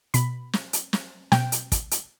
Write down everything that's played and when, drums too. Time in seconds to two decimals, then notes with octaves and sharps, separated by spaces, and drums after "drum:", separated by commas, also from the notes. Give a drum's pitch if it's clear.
0.14 B2 B5, drum: hi-hat
0.53 drum: snare
0.73 drum: hi-hat
0.93 drum: snare
1.32 B2 G5, drum: snare
1.52 drum: hi-hat
1.72 drum: kick, hi-hat
1.91 drum: hi-hat